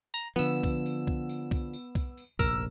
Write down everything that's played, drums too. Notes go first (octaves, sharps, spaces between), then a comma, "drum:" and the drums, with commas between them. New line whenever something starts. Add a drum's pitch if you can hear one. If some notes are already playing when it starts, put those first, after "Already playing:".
A#5
D3 F3 B3 E6
drum: kick B1, tambourine
drum: tambourine
drum: kick B1
drum: tambourine
drum: kick B1, tambourine
drum: tambourine
drum: kick B1, tambourine
drum: tambourine
F1 A#1 A#4 E6, drum: kick B1, tambourine